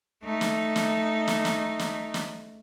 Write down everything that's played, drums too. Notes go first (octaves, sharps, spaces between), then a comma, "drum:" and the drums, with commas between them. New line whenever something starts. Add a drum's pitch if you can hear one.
A3 D#4
drum: snare
drum: snare
drum: snare
drum: snare
drum: snare
drum: snare